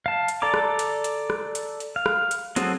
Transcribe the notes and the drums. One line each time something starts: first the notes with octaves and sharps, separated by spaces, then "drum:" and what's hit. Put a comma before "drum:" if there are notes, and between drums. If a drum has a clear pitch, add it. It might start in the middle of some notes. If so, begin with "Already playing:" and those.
F5 A5
drum: hi-hat
A4 D5 A#5 D6
drum: rim click
drum: hi-hat
drum: hi-hat
drum: rim click
drum: hi-hat
drum: hi-hat
F5
drum: rim click
drum: hi-hat
F#3 C4 F#4 G#4 A4, drum: hi-hat